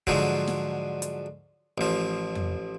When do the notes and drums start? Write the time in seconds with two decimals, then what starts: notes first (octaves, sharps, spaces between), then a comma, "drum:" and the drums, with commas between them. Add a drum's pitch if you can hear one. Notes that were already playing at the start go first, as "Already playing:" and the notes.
0.07 G#2 D3 F3 F#3, drum: kick
0.47 drum: snare
1.02 drum: hi-hat
1.78 A1 F3
2.35 drum: tom F2